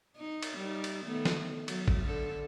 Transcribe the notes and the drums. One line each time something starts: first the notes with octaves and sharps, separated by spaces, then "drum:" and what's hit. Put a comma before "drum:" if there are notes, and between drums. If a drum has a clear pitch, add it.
D#4
drum: cymbal
G3 D#4
drum: cymbal
D#3 A3 B3
drum: snare
F#3, drum: cymbal
drum: kick G#1
D3 A4